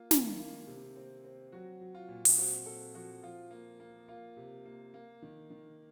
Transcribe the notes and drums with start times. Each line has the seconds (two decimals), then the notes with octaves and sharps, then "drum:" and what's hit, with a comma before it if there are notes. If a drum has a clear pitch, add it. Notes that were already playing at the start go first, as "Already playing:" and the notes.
Already playing: A#3 F4
0.11 D#3, drum: snare
0.39 A#3
0.67 C3
0.96 C4
1.24 C4
1.52 F#3 F#4
1.81 F#3
1.94 F4
2.09 A#2
2.25 drum: open hi-hat
2.37 C4 F#4
2.65 C4 A4
2.94 F3 F#4
3.23 F3 F4
3.51 A#3
3.80 A#3
4.08 A#3 F4
4.37 C3
4.66 A#3
4.94 A#3
5.22 D#3
5.50 D#3